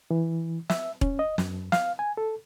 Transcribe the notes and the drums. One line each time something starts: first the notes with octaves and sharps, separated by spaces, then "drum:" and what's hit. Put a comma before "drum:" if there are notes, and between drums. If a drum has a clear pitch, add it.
E3
E5, drum: snare
C#4, drum: kick E1
D#5
F#2, drum: snare
F5, drum: snare
G#5
A4